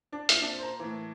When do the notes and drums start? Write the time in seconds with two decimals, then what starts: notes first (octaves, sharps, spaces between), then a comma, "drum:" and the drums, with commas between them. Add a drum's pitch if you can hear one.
0.12 D4
0.29 A#2 E4, drum: hi-hat
0.42 D4
0.46 C4
0.59 C5
0.62 A#4
0.80 A2 E3